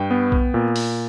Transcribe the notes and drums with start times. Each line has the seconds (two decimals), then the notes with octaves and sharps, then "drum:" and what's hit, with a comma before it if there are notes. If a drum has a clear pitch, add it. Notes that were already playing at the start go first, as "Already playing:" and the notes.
Already playing: G2 G5
0.11 B3
0.32 drum: kick B1
0.54 A#2
0.76 drum: open hi-hat